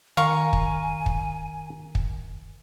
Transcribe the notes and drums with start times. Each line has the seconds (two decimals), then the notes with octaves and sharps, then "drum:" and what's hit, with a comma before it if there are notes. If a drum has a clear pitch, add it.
0.17 D#3 A#4 F5 G#5 C#6
0.53 drum: kick
1.06 drum: kick
1.95 drum: kick